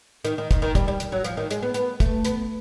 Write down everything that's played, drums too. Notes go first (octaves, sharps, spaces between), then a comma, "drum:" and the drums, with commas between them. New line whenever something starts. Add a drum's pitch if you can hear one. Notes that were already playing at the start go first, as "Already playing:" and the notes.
D#3, drum: hi-hat
D#3
D#3, drum: kick, hi-hat
D#3
G3, drum: kick, hi-hat
G3
drum: hi-hat
F#3
F3, drum: hi-hat
D#3
G#3, drum: hi-hat
B3
B3, drum: hi-hat
A3, drum: kick, hi-hat
B3, drum: hi-hat